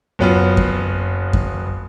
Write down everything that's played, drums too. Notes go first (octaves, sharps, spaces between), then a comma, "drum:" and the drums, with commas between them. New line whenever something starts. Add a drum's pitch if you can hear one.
F#1 F#3 B3 F4
drum: kick F#2
drum: kick F#2